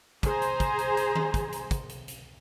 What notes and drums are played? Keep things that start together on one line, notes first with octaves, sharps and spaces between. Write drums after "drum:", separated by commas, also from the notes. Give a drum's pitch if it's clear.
G#4 C5 G#5 A#5, drum: kick, hi-hat
drum: hi-hat
drum: kick, hi-hat
drum: hi-hat
drum: hi-hat
drum: tom D#3
drum: kick, hi-hat
drum: hi-hat
drum: kick, hi-hat
drum: hi-hat
drum: hi-hat